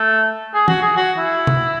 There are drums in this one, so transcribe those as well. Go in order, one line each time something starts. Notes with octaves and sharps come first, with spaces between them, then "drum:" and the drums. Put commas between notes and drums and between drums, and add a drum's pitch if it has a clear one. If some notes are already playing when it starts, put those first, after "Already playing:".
Already playing: A3
G#4
F#4, drum: tom
G#4
F#4
E4
drum: tom